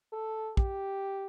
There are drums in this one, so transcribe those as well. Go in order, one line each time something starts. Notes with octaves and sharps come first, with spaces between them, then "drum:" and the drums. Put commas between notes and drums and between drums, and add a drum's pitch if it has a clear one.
A4
G4, drum: kick